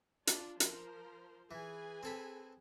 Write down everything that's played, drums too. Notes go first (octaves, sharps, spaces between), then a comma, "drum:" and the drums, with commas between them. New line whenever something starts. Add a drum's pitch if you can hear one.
D4 F4, drum: hi-hat
F3 A#4 C5, drum: hi-hat
E3 G#4 B4 G#5
C4 A4 B5